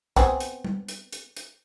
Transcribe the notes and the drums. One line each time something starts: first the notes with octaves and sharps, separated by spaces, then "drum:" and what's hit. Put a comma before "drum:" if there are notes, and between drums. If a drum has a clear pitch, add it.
B3 C4 G#4, drum: kick, hi-hat
drum: hi-hat
drum: tom G3
drum: hi-hat
drum: hi-hat
drum: hi-hat